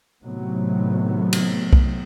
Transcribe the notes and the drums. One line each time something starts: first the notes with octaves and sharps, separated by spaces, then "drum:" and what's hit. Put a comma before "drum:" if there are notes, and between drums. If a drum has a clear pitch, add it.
A2 C3 D#3 F#3 A3 B3
drum: cymbal
drum: kick B1